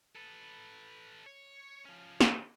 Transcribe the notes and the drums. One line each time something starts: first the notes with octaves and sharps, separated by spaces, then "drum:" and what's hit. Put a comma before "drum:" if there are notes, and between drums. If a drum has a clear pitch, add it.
A4 B4
C#5
F3 C#4
drum: snare